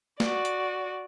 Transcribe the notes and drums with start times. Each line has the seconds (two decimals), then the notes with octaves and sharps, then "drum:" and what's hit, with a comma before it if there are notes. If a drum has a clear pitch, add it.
0.20 F#4 D5, drum: snare
0.45 drum: hi-hat